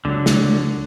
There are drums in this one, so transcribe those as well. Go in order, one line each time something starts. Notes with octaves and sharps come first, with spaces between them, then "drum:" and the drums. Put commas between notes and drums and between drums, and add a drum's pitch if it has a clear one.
C#2 D3 F#3
drum: snare